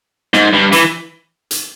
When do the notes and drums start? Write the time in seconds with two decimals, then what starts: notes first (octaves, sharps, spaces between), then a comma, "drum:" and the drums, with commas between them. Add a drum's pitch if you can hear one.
0.33 G#2, drum: snare
0.53 G2
0.72 E3, drum: hi-hat
1.51 drum: hi-hat